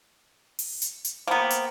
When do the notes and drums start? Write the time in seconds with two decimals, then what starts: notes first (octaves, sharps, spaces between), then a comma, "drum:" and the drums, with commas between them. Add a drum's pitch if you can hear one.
0.59 drum: open hi-hat
0.82 drum: hi-hat
1.05 drum: hi-hat
1.27 A#3 B3 C5 G5 A#5
1.50 drum: hi-hat